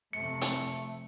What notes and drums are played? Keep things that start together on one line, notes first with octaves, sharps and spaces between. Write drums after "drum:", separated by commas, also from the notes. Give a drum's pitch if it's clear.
F2 C3 A3 C#7
drum: hi-hat